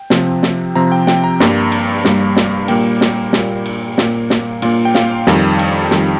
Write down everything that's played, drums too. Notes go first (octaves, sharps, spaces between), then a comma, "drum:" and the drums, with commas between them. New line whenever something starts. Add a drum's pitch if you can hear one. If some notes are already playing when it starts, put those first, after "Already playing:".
Already playing: G5
C3 F3 C4, drum: snare
drum: snare
C3 F3 C4 A#5
G5
G5, drum: snare
A#5
G2 G3 A#3, drum: snare
drum: cymbal
G2 G3 A#3, drum: snare
drum: snare
A#2 G3 A#3 G5, drum: cymbal
drum: snare
A#2 G3 A#3, drum: snare
drum: cymbal
A#2 A#3, drum: snare
drum: snare
A#2 A#3 F4, drum: cymbal
G5
F5, drum: snare
F2 D#3 G3, drum: snare
drum: cymbal
F2 D#3 G3, drum: snare